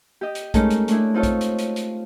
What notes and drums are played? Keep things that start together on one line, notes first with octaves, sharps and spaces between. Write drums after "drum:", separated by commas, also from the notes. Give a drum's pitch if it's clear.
G4 D#5
drum: hi-hat
G#3 A3 C#4 D#4 A4 A#4, drum: kick A#1, hi-hat
drum: hi-hat
A3 D4 E4, drum: hi-hat
C4 D#4 F4 A4 C#5
drum: kick A#1, hi-hat
drum: hi-hat
drum: hi-hat
drum: hi-hat